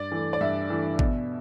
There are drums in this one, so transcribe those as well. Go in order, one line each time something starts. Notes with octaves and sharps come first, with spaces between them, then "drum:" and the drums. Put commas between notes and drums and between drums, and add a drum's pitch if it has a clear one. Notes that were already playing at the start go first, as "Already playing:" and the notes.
Already playing: G2 D5
E3 A3
D5
G2 E5
E3 A3
B2, drum: kick G#1